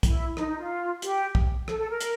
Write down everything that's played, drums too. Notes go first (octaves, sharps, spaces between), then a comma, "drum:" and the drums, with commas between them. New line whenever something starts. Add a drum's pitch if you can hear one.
E4, drum: kick, hi-hat
D#4, drum: rim click
D#4
F4
G4, drum: hi-hat
drum: kick
A4, drum: rim click
A4
A#4
drum: hi-hat